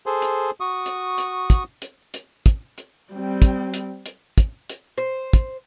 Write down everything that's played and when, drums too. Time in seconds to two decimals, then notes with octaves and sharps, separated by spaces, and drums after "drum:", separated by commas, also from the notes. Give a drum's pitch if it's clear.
0.06 G#4 A4 C5
0.22 drum: hi-hat
0.60 F#4 C#6 D#6
0.86 drum: hi-hat
1.18 drum: hi-hat
1.50 drum: kick, hi-hat
1.82 drum: hi-hat
2.14 drum: hi-hat
2.46 drum: kick, hi-hat
2.78 drum: hi-hat
3.13 G3 C4
3.42 drum: kick, hi-hat
3.74 drum: hi-hat
4.06 drum: hi-hat
4.38 drum: kick, hi-hat
4.70 drum: hi-hat
4.98 C5
5.33 drum: kick, hi-hat